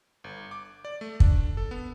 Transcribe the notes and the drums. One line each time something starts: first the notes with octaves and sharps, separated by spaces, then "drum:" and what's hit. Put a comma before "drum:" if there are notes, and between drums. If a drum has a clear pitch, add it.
G1
D6
D5
A3
D4, drum: kick
A4
B3